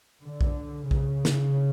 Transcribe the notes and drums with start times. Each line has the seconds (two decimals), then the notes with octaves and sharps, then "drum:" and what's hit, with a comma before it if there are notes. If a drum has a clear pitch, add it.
0.23 D3
0.41 drum: kick A#1
0.91 C#3, drum: kick A#1
1.25 drum: snare